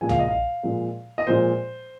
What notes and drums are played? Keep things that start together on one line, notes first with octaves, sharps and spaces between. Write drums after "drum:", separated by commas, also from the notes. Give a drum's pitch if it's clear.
A#2 F3 G#3 G#5
F5, drum: tom
D#5
F5
A#2 F3 G#3
D#5
A#2 F3 G#3 C5